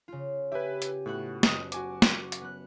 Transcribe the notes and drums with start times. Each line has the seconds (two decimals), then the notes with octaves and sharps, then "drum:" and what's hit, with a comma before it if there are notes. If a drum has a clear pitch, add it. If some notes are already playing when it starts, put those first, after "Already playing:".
0.08 C#3 F4
0.52 G4 B4 E5 G#5
0.82 drum: hi-hat
1.06 A2 B3 F#4 F#5
1.43 F#1 D#5 D#6, drum: snare
1.72 F#4 G#5 D6, drum: hi-hat
2.02 drum: snare
2.32 drum: hi-hat
2.41 B3 F#6